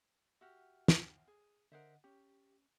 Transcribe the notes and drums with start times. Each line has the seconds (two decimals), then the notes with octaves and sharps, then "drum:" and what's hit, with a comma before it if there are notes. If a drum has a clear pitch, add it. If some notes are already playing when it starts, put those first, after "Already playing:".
0.41 F#4 G4 E5 F#5 F6
0.88 drum: snare
1.28 G#4
1.72 D3 A#4 C5 D#5 E5 F#5
2.04 C#4 G4